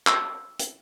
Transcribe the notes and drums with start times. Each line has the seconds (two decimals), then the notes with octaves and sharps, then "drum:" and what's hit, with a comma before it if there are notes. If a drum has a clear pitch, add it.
0.07 E6, drum: clap
0.59 drum: hi-hat